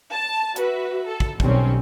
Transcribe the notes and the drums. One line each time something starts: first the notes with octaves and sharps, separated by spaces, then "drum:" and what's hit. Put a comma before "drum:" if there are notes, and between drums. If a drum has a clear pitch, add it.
A5
F#4 B4 E5, drum: hi-hat
A4
drum: kick
B1 D#3 G3 C4 C#4, drum: kick